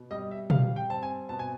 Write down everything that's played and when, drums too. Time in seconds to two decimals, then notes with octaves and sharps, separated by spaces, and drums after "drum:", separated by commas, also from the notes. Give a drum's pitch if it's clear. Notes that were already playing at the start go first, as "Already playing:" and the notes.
Already playing: B2
0.11 G3 D#5
0.31 E5
0.50 G3 F5, drum: tom
0.76 G5
0.90 C4 A5
1.03 G#5
1.29 B2 A5
1.39 G#5